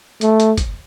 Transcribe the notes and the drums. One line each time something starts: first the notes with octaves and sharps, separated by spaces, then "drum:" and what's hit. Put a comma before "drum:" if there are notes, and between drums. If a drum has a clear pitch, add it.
A3, drum: hi-hat
drum: hi-hat
drum: kick, hi-hat